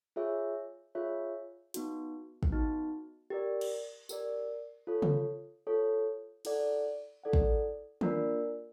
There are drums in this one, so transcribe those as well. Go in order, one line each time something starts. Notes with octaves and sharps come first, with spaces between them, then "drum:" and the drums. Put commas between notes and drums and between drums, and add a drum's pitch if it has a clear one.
F4 G#4 C#5 E5
F4 G#4 C#5 E5
B3 D#4 F#4, drum: hi-hat
drum: kick
B3 D#4 F#4
G4 A#4 D5
drum: cymbal
G4 A#4 D5, drum: tambourine
F4 A4 C#5
drum: tom C#3
F4 A4 C#5
E4 A4 D5 F#5, drum: cymbal
E4 A4 D5 F#5
drum: kick
A#3 D4 F4 A#4 D5, drum: tom D#3